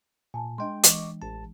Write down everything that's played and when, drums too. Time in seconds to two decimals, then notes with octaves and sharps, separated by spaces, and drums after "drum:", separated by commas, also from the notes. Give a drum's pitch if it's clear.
0.34 A#2 G#5 A5
0.58 G#3 D4 D#5 G5 C6
0.83 E3 G#3 D#5 C#6 D6, drum: hi-hat
1.22 A1 A5